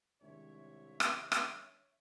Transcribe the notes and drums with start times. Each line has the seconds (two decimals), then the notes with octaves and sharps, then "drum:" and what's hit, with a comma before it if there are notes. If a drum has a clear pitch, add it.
0.21 C2 D#3 G#3 D4 C#5 E5
1.00 drum: rim click
1.32 drum: rim click